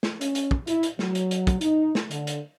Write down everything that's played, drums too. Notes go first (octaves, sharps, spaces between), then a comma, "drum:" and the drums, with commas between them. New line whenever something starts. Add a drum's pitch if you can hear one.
drum: snare
C#4, drum: hi-hat
drum: hi-hat
drum: kick
E4, drum: hi-hat
drum: hi-hat
F#3, drum: snare
drum: hi-hat
drum: hi-hat
drum: kick, hi-hat
D#4, drum: hi-hat
drum: snare
D3, drum: hi-hat
drum: hi-hat